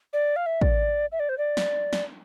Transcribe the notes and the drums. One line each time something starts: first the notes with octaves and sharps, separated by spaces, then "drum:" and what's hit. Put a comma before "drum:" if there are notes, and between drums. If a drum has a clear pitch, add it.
D5
F5
E5
D5, drum: kick
E5
D5
C5
D5
drum: snare
drum: snare